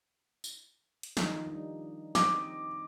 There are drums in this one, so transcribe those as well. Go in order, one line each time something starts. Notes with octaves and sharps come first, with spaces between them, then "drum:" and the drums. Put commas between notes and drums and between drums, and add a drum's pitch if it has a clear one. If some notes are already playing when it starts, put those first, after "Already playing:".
drum: tambourine
drum: hi-hat
D#3 F3 D#4, drum: snare
G3 D4
C4 D#4 D#5 D6, drum: snare